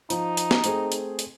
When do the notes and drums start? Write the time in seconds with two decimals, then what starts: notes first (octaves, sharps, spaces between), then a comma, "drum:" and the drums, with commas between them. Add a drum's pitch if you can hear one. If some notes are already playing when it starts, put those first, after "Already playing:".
0.10 F3 D#4, drum: hi-hat
0.37 drum: hi-hat
0.51 drum: snare
0.64 A3 C4 G#4, drum: hi-hat
0.92 drum: hi-hat
1.19 drum: hi-hat